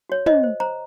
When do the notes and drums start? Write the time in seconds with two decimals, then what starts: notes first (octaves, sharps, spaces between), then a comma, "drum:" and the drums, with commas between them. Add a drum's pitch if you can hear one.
0.09 F#4 C#5
0.26 C5 D#5, drum: tom
0.43 C5
0.60 C5 A#5